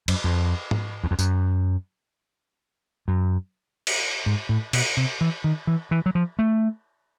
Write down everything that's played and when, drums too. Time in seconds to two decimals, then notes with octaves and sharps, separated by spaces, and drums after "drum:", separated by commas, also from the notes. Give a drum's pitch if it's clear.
0.08 F#2, drum: cymbal
0.24 F2
0.71 drum: tom G#2
1.04 E2
1.11 F2
1.19 F#2, drum: tambourine
3.08 F#2
3.87 drum: cymbal
4.26 G#2
4.49 A2
4.73 B2, drum: cymbal
4.97 C3
5.21 E3
5.44 D#3
5.67 E3
5.91 E3
6.06 F#3
6.15 F3
6.39 A3